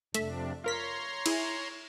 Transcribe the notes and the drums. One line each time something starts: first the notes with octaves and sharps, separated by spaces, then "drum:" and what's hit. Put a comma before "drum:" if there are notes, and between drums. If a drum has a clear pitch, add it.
F2 C3 A3 D4 E5, drum: hi-hat
F4 A#4 C#5 A#5 C6 B6
E4 G#4, drum: cymbal